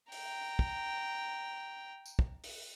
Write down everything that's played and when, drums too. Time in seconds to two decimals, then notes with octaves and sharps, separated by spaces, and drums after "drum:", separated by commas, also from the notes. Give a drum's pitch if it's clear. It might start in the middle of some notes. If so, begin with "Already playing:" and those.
0.12 G5 A#5, drum: open hi-hat
0.59 drum: kick
2.06 drum: tambourine
2.19 drum: kick
2.44 drum: open hi-hat